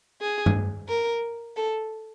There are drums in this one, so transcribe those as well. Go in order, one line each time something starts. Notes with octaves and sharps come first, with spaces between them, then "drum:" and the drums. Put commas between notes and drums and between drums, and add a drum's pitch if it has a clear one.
G#4
drum: tom G2
A#4
A4